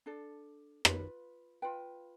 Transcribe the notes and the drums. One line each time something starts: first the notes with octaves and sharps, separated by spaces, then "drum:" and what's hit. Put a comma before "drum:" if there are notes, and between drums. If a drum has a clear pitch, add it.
D4 A4
F4 B4, drum: rim click
F4 B4 G5